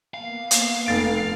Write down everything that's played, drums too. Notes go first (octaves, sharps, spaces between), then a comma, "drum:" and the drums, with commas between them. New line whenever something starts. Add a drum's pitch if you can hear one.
A#3 B3 F5
drum: hi-hat
F1 A6 D7